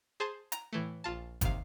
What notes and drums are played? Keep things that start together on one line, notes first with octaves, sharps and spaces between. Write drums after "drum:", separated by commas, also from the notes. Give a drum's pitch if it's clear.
G#4 C5 A5 C6
A#5, drum: hi-hat
A2 E3 A3
A#1 F4 A5
D#2 C3 F5, drum: kick, hi-hat